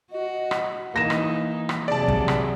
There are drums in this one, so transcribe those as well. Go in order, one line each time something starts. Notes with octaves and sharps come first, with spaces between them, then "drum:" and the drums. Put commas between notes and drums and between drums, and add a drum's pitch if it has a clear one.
F#4 D#5
drum: rim click
E3 A#3 D#4 A#6 E7
drum: rim click
drum: rim click
C3 F#3 G#4 D5 A5
drum: kick
drum: rim click